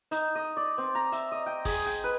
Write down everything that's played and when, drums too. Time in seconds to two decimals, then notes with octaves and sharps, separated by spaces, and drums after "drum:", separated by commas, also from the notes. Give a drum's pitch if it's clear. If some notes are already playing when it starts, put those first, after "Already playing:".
0.11 D#4, drum: hi-hat
0.35 D#5
0.57 D5
0.78 C4
0.95 A#5
1.12 E5, drum: hi-hat
1.32 D#5
1.46 G5
1.65 G#4, drum: kick, open hi-hat
1.86 G5
2.04 B4